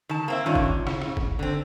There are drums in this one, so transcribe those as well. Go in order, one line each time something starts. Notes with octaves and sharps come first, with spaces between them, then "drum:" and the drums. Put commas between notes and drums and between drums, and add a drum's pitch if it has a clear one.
D#3 A5
A#3 C4 E5
G2 D#3 C#4 D4 F4
drum: kick
C#3, drum: rim click
drum: rim click
drum: kick
D3 C4